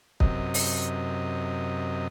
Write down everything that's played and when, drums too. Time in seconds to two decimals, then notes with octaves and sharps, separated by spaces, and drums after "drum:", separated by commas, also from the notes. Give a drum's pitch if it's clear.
0.20 F#2 C3 D#5, drum: kick
0.54 drum: open hi-hat